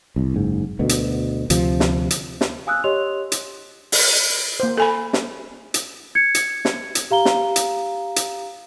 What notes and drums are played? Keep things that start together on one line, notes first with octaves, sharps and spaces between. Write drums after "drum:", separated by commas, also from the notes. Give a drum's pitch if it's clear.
C2
F#1 G#2
D2 B2
drum: hi-hat
D2 C3 F3, drum: hi-hat
drum: snare
drum: hi-hat
drum: snare
F5 G#5 D#6 E6 F#6
G4 C#5 D#5 C6 F7
drum: hi-hat
drum: open hi-hat
A#3 C5
A4 G#5 B5
drum: snare
drum: hi-hat
G#6 C#7
drum: hi-hat
drum: snare
drum: hi-hat
G4 F5 A#5 G7
drum: snare
drum: hi-hat
drum: hi-hat